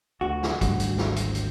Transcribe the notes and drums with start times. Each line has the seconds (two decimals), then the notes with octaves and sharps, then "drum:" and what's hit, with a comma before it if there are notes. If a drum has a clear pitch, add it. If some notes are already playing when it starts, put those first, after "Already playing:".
0.21 D2 F#4
0.43 drum: snare
0.61 G#1 D2 G3, drum: kick, hi-hat
0.80 drum: hi-hat
0.98 drum: snare
1.16 drum: hi-hat
1.35 drum: hi-hat